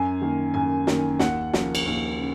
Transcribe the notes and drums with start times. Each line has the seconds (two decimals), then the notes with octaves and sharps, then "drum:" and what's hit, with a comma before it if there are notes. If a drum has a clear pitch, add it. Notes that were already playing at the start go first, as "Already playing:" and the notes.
Already playing: F#2 G#5
0.21 D#3 A#3
0.54 F#2 G#5
0.87 D#3 A#3, drum: snare
1.19 D#2 F#5, drum: snare
1.53 C#3 F3 A#3, drum: snare
1.75 drum: cymbal
1.86 D#2
2.19 C#3